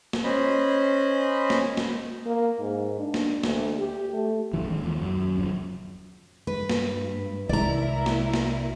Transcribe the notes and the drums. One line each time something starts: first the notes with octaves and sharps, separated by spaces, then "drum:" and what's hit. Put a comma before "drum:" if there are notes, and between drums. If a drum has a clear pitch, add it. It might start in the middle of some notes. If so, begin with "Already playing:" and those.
drum: snare
C#4 C5 D#5 B5
drum: snare
drum: snare
A#3
G#2
D4
drum: snare
D2, drum: snare
G4
A3
D1 A#1 F#2 E3
D#3 G#3
D#2 F3
F#2
D#1 F#2 C#3 F3
G2 G#3 B4
drum: snare
C2 G#3 E4 A#4 D5 A#5
drum: snare
drum: snare